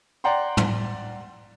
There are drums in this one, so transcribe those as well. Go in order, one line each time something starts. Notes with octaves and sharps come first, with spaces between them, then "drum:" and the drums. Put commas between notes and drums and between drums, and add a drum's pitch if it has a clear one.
D5 F#5 G5 A#5 C6
drum: tom